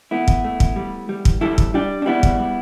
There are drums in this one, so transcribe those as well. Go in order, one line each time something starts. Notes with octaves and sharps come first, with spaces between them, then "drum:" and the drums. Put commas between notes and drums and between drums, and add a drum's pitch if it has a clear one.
A3 B3 E4
drum: kick
A3
drum: kick
G3
G3
drum: kick
G3 E4 A4
drum: kick
G3 D4 G4
D4
G3 B3 E4
drum: kick
G3